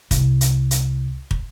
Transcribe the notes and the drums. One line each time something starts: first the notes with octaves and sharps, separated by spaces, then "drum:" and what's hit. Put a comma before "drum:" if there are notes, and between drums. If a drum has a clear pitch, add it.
C2, drum: kick, hi-hat
drum: hi-hat
drum: hi-hat
drum: kick